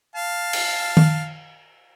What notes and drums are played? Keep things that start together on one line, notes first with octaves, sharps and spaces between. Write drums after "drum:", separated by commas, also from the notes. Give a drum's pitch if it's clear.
F5 A5
drum: cymbal
drum: tom D#3